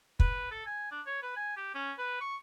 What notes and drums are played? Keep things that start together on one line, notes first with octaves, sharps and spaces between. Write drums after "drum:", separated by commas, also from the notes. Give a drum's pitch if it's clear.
B4, drum: kick
A4
G#5
D4
C#5
B4
G#5
G4
C#4
B4
C#6